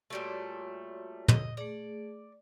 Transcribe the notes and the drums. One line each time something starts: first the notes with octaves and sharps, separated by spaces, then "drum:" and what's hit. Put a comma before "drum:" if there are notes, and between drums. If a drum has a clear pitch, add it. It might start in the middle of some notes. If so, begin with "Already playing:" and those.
A#2 G3 A3 F#4 C#5
D#5, drum: tom
A3 G#4 D5